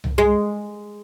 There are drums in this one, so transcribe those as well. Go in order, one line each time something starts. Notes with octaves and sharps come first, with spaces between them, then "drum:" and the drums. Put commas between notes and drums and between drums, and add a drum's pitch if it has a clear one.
drum: tom C2
G#3